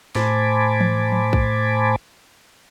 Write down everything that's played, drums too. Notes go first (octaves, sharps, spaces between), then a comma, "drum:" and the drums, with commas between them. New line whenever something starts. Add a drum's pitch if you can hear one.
A2 C5 G#5 A5 B5 D6, drum: snare
drum: tom E3
drum: tom F3
drum: kick A#1